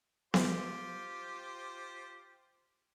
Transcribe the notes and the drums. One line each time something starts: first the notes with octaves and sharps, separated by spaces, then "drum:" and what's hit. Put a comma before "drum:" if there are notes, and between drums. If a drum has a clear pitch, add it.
F4 G4 C5, drum: snare B3